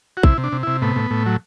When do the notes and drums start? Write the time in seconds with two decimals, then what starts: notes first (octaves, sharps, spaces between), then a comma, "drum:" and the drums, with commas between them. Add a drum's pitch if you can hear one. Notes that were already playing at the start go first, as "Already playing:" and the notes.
0.17 F#4
0.23 C3 E4, drum: kick
0.38 C3
0.44 D4
0.52 C3
0.63 C3 E4
0.82 A2 B3
0.96 A2
1.11 A2
1.26 F#3